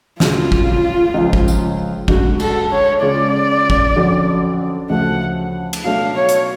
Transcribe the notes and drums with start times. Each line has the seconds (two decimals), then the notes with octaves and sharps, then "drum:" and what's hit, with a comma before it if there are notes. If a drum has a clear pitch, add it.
0.20 D2 C#3 G#3 F4, drum: snare
0.52 drum: kick G#1
1.14 C#2 C#3 F3
1.33 drum: kick G#1
1.48 drum: tambourine
2.08 D2 D3 G#3 F#4, drum: kick G#1
2.40 A4, drum: cymbal
2.71 C#5
3.02 C#3 G#3 C#4 F4 D5
3.70 drum: kick G#1
3.96 F2 D3 F#3 C#4 F#4
4.90 D2 C#3 F3 A3 F#5
5.73 drum: cymbal
5.84 B2 F#3 A3 D4 F5
6.15 C#5
6.29 drum: hi-hat